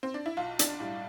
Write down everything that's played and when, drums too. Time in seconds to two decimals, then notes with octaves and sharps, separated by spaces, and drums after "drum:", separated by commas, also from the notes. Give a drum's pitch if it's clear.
0.03 C4
0.14 D4
0.26 E4
0.37 B1 F4
0.59 D4, drum: hi-hat
0.80 A2 G3